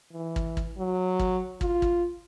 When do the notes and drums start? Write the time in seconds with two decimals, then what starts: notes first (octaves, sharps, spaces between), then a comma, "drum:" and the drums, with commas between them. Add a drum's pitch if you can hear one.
0.13 E3
0.36 drum: kick
0.57 drum: kick
0.78 F#3
1.19 drum: kick
1.61 F4, drum: kick
1.82 drum: kick